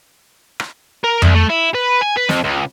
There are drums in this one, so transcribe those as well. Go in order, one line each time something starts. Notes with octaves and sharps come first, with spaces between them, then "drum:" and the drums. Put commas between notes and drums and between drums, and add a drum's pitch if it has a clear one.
drum: rim click
A#4
C2, drum: tom F2
A3
E4
B4
G#5
B4
F2, drum: snare
C#2